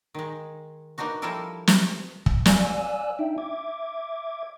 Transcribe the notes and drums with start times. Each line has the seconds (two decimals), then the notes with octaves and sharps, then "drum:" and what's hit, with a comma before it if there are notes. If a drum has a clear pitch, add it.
0.14 D#3 G#3
0.98 A#3 B3 D4 D#4 F#4
1.22 F3 G3 E4 F4 A4 A#4
1.67 drum: snare
2.26 drum: kick
2.46 D5 F5 G#5 E6 F#6, drum: snare
3.19 D4 D#4 E5 G5
3.38 E5 D6 G#6